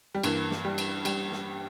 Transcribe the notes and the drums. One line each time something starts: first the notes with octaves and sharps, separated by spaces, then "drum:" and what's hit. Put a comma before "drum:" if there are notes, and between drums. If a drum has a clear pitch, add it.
G3
G2 E3 A#3, drum: cymbal
drum: snare
G3
drum: cymbal
G3, drum: cymbal
drum: snare